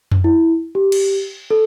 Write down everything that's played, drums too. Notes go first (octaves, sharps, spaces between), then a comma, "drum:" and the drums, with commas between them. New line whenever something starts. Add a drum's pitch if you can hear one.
drum: tom F2
E4
G4
drum: cymbal
A4